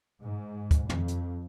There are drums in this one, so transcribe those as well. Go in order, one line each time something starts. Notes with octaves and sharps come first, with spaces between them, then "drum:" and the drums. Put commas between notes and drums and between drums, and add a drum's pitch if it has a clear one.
G#2
drum: kick, hi-hat
F2, drum: tom
drum: hi-hat